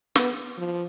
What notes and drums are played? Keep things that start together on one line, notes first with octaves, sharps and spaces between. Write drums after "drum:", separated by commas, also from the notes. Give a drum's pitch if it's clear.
B3, drum: snare
F3